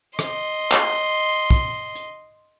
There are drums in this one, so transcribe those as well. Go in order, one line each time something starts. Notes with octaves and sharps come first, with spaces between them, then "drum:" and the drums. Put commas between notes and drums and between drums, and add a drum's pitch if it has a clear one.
D#5 C6, drum: rim click
drum: clap
drum: kick
drum: hi-hat